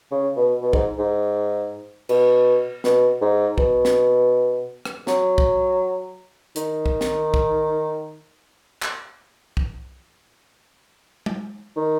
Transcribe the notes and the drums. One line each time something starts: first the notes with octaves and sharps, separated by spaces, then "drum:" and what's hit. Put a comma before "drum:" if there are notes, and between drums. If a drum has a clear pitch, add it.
C#3
B2
B2
G#2, drum: kick
G#2
B2, drum: cymbal
B2, drum: snare
G#2
B2, drum: kick
drum: snare
drum: rim click
F#3, drum: snare
drum: kick
D#3, drum: hi-hat
drum: kick
drum: snare
drum: kick
drum: clap
drum: kick
drum: tom G#3
D#3